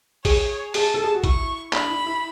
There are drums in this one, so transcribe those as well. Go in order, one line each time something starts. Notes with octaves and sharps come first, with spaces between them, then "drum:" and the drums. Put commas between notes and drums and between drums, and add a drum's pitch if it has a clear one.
G#4 C#5, drum: kick A#1, open hi-hat
G#4 A5, drum: open hi-hat
A4
G#4
F#4
E4 C#6, drum: kick A#1, hi-hat
D4 B5, drum: clap
E4
E4